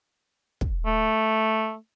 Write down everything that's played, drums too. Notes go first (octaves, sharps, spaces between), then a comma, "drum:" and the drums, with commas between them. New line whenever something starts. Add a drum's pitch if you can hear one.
drum: kick
A3